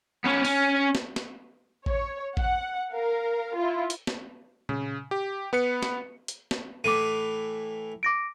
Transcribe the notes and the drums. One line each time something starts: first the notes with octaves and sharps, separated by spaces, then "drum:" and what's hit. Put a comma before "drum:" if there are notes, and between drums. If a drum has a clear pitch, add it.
B3 C#4
C#4, drum: open hi-hat
drum: snare
drum: snare
C#5, drum: kick A1
F#5, drum: kick A1
A#4 F5
E4 F4
drum: hi-hat
drum: snare
C#3, drum: tom A#2
G4
B3 B4 C#7
drum: snare
drum: hi-hat
drum: snare
A2 E3 D6 D#7
D6 A#6 D7